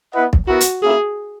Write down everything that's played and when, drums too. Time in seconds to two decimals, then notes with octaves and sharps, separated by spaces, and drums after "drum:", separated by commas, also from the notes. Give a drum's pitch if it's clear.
0.13 B3 E4 B4 D#5 F#5
0.33 drum: kick
0.48 B3 E4 F#4 A#4
0.61 drum: hi-hat
0.83 A#3 C#4 E4 G#4